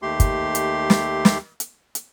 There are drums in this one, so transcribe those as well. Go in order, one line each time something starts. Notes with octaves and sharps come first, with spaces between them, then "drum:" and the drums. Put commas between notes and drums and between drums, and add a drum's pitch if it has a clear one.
D#2 A3 G4 C6
drum: kick, hi-hat
drum: hi-hat
drum: snare
drum: snare
drum: hi-hat
drum: hi-hat